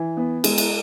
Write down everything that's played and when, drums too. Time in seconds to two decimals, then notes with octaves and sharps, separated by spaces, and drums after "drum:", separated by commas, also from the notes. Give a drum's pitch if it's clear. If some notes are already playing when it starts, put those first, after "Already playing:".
Already playing: E3
0.17 B3
0.44 G#3, drum: cymbal
0.58 drum: cymbal